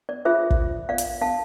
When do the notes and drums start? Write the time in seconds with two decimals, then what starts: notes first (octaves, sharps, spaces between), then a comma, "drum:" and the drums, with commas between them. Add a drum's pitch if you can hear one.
0.09 D5
0.25 F4 G#4 C5 E5
0.50 drum: kick
0.89 D5 F5
0.98 drum: hi-hat
1.21 F5 A5